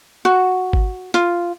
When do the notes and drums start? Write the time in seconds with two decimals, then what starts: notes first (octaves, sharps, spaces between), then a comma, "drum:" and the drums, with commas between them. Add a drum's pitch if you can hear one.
0.25 F#4
0.73 drum: kick G#1
1.14 F4, drum: hi-hat